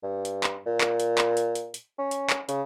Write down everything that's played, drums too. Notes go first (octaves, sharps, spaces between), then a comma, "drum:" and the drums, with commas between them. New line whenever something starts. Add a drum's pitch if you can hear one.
G2
drum: hi-hat
drum: clap
A#2
drum: clap
drum: hi-hat
drum: clap
drum: hi-hat
drum: hi-hat
drum: hi-hat
C#4
drum: hi-hat
drum: clap
C#3, drum: hi-hat